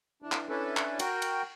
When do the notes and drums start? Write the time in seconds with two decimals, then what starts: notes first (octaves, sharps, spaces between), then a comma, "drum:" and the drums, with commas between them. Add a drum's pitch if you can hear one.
0.22 E3 D4
0.32 drum: clap
0.49 C#4 D4 E4 A4 B4
0.77 drum: clap
0.99 F#4 A#4 G5, drum: cymbal
1.22 drum: cymbal